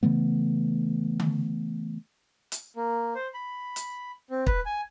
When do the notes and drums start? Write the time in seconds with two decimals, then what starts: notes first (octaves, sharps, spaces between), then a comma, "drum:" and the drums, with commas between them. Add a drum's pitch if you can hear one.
0.03 C#3 E3 A3 B3
1.20 drum: tom D3
2.52 drum: hi-hat
2.76 A#3
3.15 C5
3.34 B5
3.76 drum: hi-hat
4.30 C4
4.47 B4, drum: kick
4.66 G#5